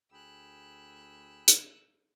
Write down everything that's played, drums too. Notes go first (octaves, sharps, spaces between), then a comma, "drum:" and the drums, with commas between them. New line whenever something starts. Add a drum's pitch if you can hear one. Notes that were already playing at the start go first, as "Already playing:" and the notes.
D2 G#4 G5 B5 E6 F#6
drum: hi-hat